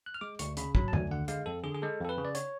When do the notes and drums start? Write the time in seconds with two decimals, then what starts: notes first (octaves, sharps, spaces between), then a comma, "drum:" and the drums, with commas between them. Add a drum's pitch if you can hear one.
0.06 F#6
0.14 F6
0.21 G#3 D6
0.39 D2 C#6, drum: hi-hat
0.57 C#3 B5, drum: hi-hat
0.75 F#3 B5, drum: kick
0.88 A5
0.93 D2 G#5, drum: tom F2
1.11 D3 F#5
1.28 G#3 F5, drum: hi-hat
1.46 F2 A4
1.64 D3 G#4
1.74 G#4
1.82 G#3 A4
2.00 F2 A4
2.09 B4
2.18 C#3
2.25 D5
2.35 C#5, drum: hi-hat